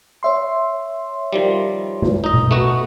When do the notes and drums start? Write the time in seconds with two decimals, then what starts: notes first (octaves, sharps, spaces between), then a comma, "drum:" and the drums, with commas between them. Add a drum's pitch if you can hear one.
0.23 C#5 E5 C6
1.33 D#3 F3 G3
2.02 drum: tom G#3
2.24 D#4 D#5
2.34 drum: tom B2
2.51 A3 B3 F#4